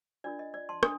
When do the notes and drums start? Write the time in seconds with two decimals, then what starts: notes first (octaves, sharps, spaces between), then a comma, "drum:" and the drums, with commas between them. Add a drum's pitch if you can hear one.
0.24 D4 F4 A#4 D5
0.39 D#5
0.54 D5
0.69 A5 C6
0.83 D4 D#6, drum: rim click